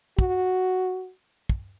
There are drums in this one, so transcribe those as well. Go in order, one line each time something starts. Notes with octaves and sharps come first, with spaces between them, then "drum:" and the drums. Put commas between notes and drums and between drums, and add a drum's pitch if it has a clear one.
F#4, drum: kick
drum: kick